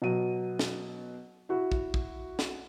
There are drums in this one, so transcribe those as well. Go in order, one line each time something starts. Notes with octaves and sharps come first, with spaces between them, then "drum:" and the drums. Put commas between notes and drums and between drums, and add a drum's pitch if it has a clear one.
B2 F#3 D#7
drum: snare
E4 F#4
drum: kick
drum: kick
drum: snare